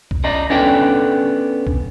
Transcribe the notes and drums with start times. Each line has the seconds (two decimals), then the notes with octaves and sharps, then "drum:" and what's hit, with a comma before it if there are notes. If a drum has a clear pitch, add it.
0.11 drum: kick B1
0.24 D5 D#5 A#5
0.50 B3 C#4 D4 A4 D5 G5
1.67 drum: kick B1